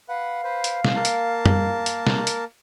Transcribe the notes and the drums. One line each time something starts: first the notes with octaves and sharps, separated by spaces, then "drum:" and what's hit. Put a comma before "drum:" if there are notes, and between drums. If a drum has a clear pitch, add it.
B4 F5 F#5
B4 C5
drum: hi-hat
drum: snare
A#3 A#4 A5
drum: hi-hat
drum: tom
drum: hi-hat
drum: snare
drum: hi-hat